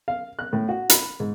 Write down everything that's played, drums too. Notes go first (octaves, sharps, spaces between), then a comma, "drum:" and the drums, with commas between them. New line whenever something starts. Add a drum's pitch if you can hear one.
F5
F#6
A2
F#4
B5, drum: hi-hat
G#2